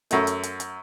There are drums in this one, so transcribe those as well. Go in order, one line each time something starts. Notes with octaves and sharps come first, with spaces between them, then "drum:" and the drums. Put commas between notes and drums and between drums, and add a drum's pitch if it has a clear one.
F#2 A3, drum: hi-hat
drum: hi-hat
drum: hi-hat
drum: hi-hat